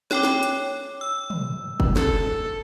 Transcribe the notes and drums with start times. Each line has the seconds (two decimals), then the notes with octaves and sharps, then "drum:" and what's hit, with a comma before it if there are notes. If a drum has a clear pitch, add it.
0.11 C#5 G5 D6, drum: snare
0.23 drum: snare
0.43 drum: hi-hat
1.01 E6
1.30 drum: tom
1.80 drum: kick
1.96 A4, drum: snare